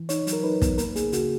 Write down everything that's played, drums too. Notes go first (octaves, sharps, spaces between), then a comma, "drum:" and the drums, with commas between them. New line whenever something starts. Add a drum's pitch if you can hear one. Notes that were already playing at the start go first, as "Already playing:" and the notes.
Already playing: E3
D#4 C#5, drum: hi-hat
F#3, drum: hi-hat
A#4
D#4 B4
B3, drum: kick, hi-hat
A#3 A#4, drum: hi-hat
A#3 G#4, drum: hi-hat
C#3 F#4, drum: hi-hat